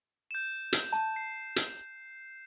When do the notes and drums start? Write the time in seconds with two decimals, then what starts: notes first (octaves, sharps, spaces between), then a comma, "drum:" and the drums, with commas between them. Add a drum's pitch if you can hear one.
0.31 G6 E7
0.73 drum: hi-hat
0.93 A5
1.16 C7
1.56 drum: hi-hat